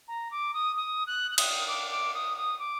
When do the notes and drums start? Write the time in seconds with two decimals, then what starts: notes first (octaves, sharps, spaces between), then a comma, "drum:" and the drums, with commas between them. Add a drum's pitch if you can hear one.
0.08 A#5
0.31 D6
0.54 D#6
0.76 D#6
1.07 F#6
1.31 F#6
1.38 D#6, drum: cymbal
1.68 D6
1.91 D6
2.14 D#6
2.37 D#6
2.59 D6